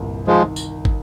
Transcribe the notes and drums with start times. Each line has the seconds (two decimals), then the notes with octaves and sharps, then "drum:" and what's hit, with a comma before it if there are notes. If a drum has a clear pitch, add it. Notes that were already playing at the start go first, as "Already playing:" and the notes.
Already playing: G1 C2 A#2
0.27 D#3 F3 G#3
0.56 drum: tambourine
0.85 drum: kick